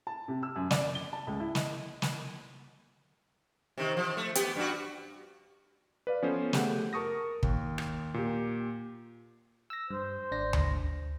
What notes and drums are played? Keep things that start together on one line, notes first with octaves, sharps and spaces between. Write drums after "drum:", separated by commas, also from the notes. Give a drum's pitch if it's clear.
A5
C3
E6
F#2
D5, drum: snare
G7
A5
C#2
E4
D#5, drum: snare
drum: snare
C3 D#3
F3
A3
B3 G4, drum: hi-hat
G2 F#4
B4 D5 F5
F3 B3 C#4 A4 C5
A3 G4 G#4 F#5, drum: snare
A#4 A5 C#6 D#6 A#6
D#2, drum: kick
drum: rim click
A#2 G4
E6 A#6
G2 C5
G#1 D4 A#6
drum: tom D2